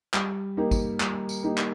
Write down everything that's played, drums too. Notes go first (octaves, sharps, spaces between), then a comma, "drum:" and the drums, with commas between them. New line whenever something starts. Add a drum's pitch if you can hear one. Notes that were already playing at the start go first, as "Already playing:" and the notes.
G3, drum: clap
A#3 D#4 G4 A#4
drum: kick, tambourine
G3, drum: clap
drum: tambourine
A#3 D#4 G4 A#4
drum: clap